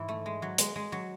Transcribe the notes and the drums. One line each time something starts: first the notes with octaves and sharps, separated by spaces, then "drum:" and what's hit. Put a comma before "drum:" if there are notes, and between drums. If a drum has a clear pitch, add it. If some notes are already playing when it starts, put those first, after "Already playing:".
Already playing: G#2 E3 E4
A3
G#3
F#3
G#3, drum: hi-hat
G#3
F#3